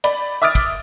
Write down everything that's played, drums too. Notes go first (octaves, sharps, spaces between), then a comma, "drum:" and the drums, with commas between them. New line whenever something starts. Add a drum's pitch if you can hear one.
D5 B5, drum: cymbal
E5 D6 D#6 F6 A6 D7
drum: kick, cymbal